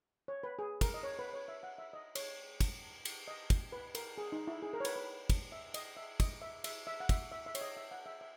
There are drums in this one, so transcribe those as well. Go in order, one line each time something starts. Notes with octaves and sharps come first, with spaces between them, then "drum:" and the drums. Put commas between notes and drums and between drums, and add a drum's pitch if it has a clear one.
C#5
B4
G#4
A#4, drum: kick, cymbal
D#5
C#5
B4
C#5
E5
F#5
E5
D#5
C#5, drum: cymbal
drum: kick, cymbal
drum: cymbal
D#5
drum: kick, cymbal
B4
A#4, drum: cymbal
G#4
D#4
E4
G#4
A#4
C#5
B4, drum: cymbal
B4
drum: kick, cymbal
E5
D#5, drum: cymbal
E5
D#5, drum: kick, cymbal
E5
E5, drum: cymbal
E5
F#5
E5, drum: kick, cymbal
E5
E5
C#5, drum: cymbal
D#5
E5
F#5
E5
E5